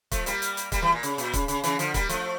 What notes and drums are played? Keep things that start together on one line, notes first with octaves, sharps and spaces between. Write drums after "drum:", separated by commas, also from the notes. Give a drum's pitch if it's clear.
F3 A3, drum: kick, hi-hat
G3 A#3, drum: hi-hat
drum: hi-hat
drum: hi-hat
G3 A#3, drum: kick, hi-hat
E3 G3
A#2
C#3, drum: hi-hat
A#2, drum: hi-hat
C#3, drum: kick, hi-hat
C#3, drum: hi-hat
C#3 E3, drum: hi-hat
D3 F3, drum: hi-hat
G3 A#3, drum: kick, hi-hat
F3 A3, drum: hi-hat